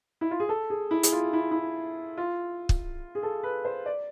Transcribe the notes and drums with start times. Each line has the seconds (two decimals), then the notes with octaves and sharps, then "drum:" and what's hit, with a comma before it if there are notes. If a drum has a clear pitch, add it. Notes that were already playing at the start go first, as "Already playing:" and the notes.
0.21 E4
0.31 F4
0.40 G#4
0.49 A4
0.70 G#4
0.91 E4
1.03 G#4, drum: hi-hat
1.12 F4
1.33 E4
1.51 E4
2.17 F4
2.69 drum: kick
3.15 G#4
3.23 A4
3.43 B4
3.65 C5
3.86 D5